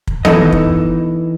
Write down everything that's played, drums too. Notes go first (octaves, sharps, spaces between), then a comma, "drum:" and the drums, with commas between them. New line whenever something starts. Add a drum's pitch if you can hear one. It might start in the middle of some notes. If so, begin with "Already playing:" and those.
drum: kick
E3 B3 D#4 A4 D#5, drum: tom
drum: kick